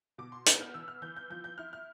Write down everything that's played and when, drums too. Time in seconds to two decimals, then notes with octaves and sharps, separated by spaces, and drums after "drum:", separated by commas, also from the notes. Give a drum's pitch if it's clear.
0.18 B2 D6
0.32 C6
0.46 B3 G6, drum: hi-hat
0.61 F6
0.74 E3 E6
0.88 F6
1.02 E3 G6
1.16 G6
1.30 F3 G6
1.44 G6
1.58 E4 F6
1.73 F6